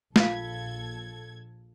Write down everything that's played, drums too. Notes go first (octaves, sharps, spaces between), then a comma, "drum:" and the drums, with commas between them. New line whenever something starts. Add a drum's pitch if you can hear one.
A#1 F4 A4 F5 G#6, drum: snare